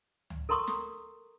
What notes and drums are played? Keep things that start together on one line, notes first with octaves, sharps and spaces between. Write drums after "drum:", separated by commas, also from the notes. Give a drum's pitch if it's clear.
drum: tom C#2
A4 A#4 A#5 C6 C#6 D#6
drum: snare